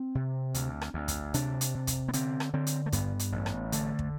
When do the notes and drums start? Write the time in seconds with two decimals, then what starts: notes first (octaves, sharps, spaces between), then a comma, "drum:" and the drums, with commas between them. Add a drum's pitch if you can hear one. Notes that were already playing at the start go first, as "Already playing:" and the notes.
Already playing: C4
0.15 C3
0.54 D2, drum: hi-hat
0.81 drum: rim click
0.94 D2
1.08 drum: kick, hi-hat
1.34 C3 D4, drum: hi-hat
1.61 drum: hi-hat
1.75 C3
1.87 drum: kick, hi-hat
2.08 B3
2.13 D3 C4, drum: hi-hat
2.40 drum: rim click
2.53 D3 C4
2.67 drum: hi-hat
2.86 A3
2.92 G2 B3, drum: kick, hi-hat
3.19 drum: hi-hat
3.32 A1
3.46 drum: rim click
3.72 D3 A3, drum: hi-hat
3.99 drum: kick